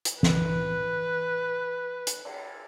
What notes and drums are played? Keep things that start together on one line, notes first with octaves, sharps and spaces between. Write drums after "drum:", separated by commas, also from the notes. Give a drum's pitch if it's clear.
drum: hi-hat
E3 B4, drum: snare
drum: hi-hat
drum: cymbal